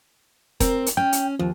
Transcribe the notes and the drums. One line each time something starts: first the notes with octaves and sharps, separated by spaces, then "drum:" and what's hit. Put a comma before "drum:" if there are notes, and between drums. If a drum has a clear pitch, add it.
C4 A#4, drum: kick E1, hi-hat
drum: hi-hat
C#4 G5
drum: hi-hat
D#2 F3